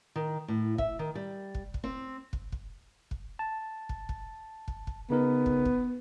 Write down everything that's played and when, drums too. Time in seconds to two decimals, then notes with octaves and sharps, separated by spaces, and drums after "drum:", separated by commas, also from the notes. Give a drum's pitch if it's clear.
0.16 D#3
0.48 A2
0.78 E5, drum: kick
0.99 D#3
1.15 G3
1.55 drum: kick
1.74 drum: kick
1.84 C4
2.33 drum: kick
2.52 drum: kick
3.11 drum: kick
3.39 A5
3.89 drum: kick
4.09 drum: kick
4.68 drum: kick
4.87 drum: kick
5.10 C#3 B3 D#4 A#4
5.46 drum: kick
5.65 drum: kick